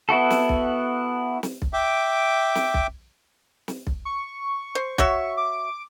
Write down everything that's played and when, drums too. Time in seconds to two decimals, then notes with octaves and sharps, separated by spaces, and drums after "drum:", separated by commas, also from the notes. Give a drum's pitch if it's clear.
0.09 B3 E4 F#4 A4
0.30 drum: snare
0.49 drum: kick B1
1.43 drum: snare
1.62 drum: kick B1
1.73 E5 G5 D6
2.55 drum: snare
2.74 drum: kick B1
3.68 drum: snare
3.87 drum: kick B1
4.05 C#6
4.75 C5
4.98 F#4 C#5 E5, drum: kick B1
5.37 D6